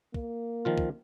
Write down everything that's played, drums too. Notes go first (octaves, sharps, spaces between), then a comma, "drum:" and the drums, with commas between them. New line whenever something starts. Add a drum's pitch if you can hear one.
A#3, drum: kick
D#3 F3 F4
drum: kick